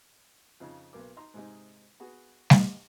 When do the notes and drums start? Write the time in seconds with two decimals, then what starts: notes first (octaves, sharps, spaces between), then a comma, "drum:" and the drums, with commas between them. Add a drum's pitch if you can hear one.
0.60 F2 C#3 D#4
0.93 B1 A#3 D6
1.17 D#4 A#5 C6
1.34 G#2 C3 G#3 D#4
2.00 B3 F#4 G#4
2.50 drum: snare